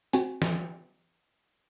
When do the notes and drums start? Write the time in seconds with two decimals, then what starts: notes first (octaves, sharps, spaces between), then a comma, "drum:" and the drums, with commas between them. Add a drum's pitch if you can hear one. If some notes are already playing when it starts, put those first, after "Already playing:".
0.13 C4 F#4 G#5, drum: hi-hat
0.42 drum: snare